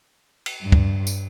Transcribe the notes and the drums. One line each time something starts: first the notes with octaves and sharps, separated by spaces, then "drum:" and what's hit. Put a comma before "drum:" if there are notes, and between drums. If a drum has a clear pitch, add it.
drum: cymbal
G2
drum: kick
drum: tambourine